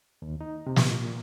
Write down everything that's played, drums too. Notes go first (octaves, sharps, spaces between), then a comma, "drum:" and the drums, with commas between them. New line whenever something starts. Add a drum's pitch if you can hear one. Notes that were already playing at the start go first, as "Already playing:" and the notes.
D#2
D#4
C3
drum: snare
A#2